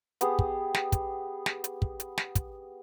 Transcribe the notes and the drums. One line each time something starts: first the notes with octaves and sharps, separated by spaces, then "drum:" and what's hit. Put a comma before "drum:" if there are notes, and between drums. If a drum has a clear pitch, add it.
B3 G4 G#4, drum: hi-hat
drum: kick
drum: snare
drum: kick, hi-hat
drum: snare
drum: hi-hat
drum: kick
drum: hi-hat
drum: snare
drum: kick, hi-hat